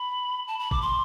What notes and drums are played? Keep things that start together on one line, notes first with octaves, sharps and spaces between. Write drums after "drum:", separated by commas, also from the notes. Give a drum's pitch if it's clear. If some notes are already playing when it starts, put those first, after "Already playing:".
Already playing: B5
A5
B5
D6, drum: kick G#1
C6